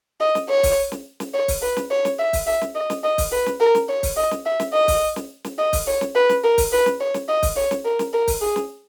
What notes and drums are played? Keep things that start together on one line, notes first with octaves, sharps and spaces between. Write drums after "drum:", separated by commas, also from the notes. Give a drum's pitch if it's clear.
D#5
drum: snare
C#5
drum: kick, open hi-hat
drum: snare
drum: snare
C#5
drum: kick, open hi-hat
B4
drum: snare
C#5
drum: snare
E5
drum: kick, open hi-hat
E5
drum: snare
D#5
drum: snare
D#5
drum: kick, open hi-hat
B4
drum: snare
A#4
drum: snare
C#5
drum: kick, open hi-hat
D#5
drum: snare
E5
drum: snare
D#5
drum: kick, open hi-hat
drum: snare
drum: snare
D#5
drum: kick, open hi-hat
C#5
drum: snare
B4
drum: snare
A#4
drum: kick, open hi-hat
B4
drum: snare
C#5
drum: snare
D#5
drum: kick, open hi-hat
C#5
drum: snare
A#4
drum: snare
A#4
drum: kick, open hi-hat
G#4
drum: snare